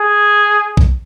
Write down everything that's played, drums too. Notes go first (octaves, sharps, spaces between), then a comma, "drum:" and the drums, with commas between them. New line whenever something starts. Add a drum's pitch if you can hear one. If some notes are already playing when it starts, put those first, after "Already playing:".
Already playing: G#4
drum: kick B1